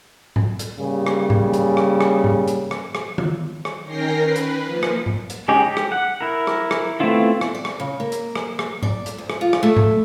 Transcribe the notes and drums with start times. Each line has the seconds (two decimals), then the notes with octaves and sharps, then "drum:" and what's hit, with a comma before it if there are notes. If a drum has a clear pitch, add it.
0.36 drum: tom G#2
0.59 drum: hi-hat
0.78 C#3 G3 A#3
1.06 drum: rim click
1.30 drum: tom G#2
1.54 drum: hi-hat
1.77 drum: rim click
2.01 drum: rim click
2.24 drum: tom G#2
2.48 drum: hi-hat
2.71 drum: rim click
2.95 drum: rim click
3.18 drum: tom D#3
3.65 drum: rim click
3.84 D#3 C#4 A#4 G5 A#6 C7
4.19 B4
4.36 drum: hi-hat
4.65 F3 A#3
4.83 drum: rim click
5.06 drum: tom G#2
5.30 drum: hi-hat
5.48 G#3 C#4 D#4 G4 G#4
5.66 G4
5.77 drum: rim click
5.92 F#5
6.21 E4 A#4
6.47 drum: rim click
6.71 drum: rim click
7.00 A3 B3 C4 E4 F4
7.41 drum: rim click
7.55 D5
7.65 drum: rim click
7.80 C#3
8.00 A#3
8.12 drum: hi-hat
8.35 drum: rim click
8.59 drum: rim click
8.83 D5, drum: tom G#2
9.06 drum: hi-hat
9.18 D2
9.30 drum: rim click
9.41 F4
9.53 drum: rim click
9.63 A3
9.77 drum: tom G#2